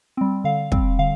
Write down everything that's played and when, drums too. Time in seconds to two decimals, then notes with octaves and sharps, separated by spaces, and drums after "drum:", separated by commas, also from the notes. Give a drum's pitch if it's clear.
0.17 G3 C4
0.44 D3 F5
0.72 G3 C4, drum: kick
0.99 D3 F5